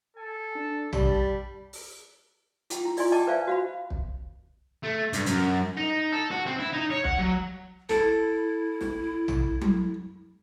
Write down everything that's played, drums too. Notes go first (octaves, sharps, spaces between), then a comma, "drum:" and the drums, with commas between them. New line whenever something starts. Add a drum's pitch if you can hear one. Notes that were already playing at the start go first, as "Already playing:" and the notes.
A4 G#5
D4
G3 A5 B5, drum: tom A#1
drum: open hi-hat
E4 F4 G5, drum: hi-hat
E4
F4 D5 D#5 G#5 C6, drum: open hi-hat
D#5 G5 A5 D6
B4 C5 D5 E5 F5 G#5
F#4 F5 B5
drum: kick
A3
G2, drum: hi-hat
F#2, drum: hi-hat
D#4
A4
F#4
C4
E4
D#4
C#5
F#5, drum: kick
F#3
E4 A4, drum: snare
drum: snare
drum: tom A#1
drum: tom F#3